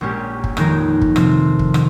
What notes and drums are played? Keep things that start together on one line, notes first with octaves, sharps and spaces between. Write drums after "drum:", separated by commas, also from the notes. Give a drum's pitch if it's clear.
A#1 A#2 G#3 C#4 G4
drum: kick
F2 D#3 G#3 D#4 A#4, drum: rim click
drum: kick
C3 F3 C4, drum: rim click
drum: kick
D#3, drum: rim click